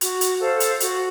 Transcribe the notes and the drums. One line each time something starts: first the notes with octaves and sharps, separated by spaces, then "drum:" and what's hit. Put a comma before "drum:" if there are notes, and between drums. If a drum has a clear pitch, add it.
F#4, drum: hi-hat
drum: hi-hat
A4 C5 F5
drum: hi-hat
F#4, drum: hi-hat